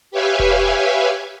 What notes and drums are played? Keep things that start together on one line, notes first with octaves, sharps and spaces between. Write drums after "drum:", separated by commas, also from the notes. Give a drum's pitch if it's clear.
G4 B4 C#5 E5 F5 G#5
drum: kick E1